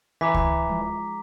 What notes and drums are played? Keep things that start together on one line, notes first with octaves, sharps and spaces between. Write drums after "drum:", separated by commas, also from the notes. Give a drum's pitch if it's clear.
E3 A#5 D6 B6
drum: kick C#2
F3 G#3